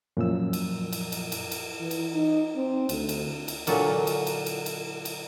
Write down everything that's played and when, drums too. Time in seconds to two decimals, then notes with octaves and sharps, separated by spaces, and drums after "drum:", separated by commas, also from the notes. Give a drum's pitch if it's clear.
0.17 F#2 A#2 F3 E6
0.53 drum: cymbal
0.93 drum: cymbal
1.12 drum: cymbal
1.32 drum: cymbal
1.51 drum: cymbal
1.81 E3
1.91 drum: cymbal
2.14 D#4
2.56 C4
2.89 D2, drum: cymbal
3.09 drum: cymbal
3.48 drum: cymbal
3.67 A#2 D3 F#3 A#3, drum: cymbal
4.07 drum: cymbal
4.27 drum: cymbal
4.46 drum: cymbal
4.66 drum: cymbal
5.05 drum: cymbal